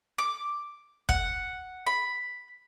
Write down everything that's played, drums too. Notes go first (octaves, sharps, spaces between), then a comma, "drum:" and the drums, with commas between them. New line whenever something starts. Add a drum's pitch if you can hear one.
D6
F#5, drum: kick
B5